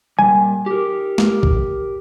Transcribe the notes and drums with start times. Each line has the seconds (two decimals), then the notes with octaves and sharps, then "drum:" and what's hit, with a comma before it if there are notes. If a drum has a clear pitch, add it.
0.19 A#2 G3 G#5
0.66 G4 A#4
1.18 drum: snare
1.43 drum: kick